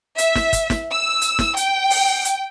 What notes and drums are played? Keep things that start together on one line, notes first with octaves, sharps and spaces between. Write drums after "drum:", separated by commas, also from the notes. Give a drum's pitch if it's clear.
E5, drum: hi-hat
drum: snare
drum: kick, hi-hat
drum: snare
E6
drum: hi-hat
drum: snare
G5, drum: hi-hat
drum: open hi-hat
drum: hi-hat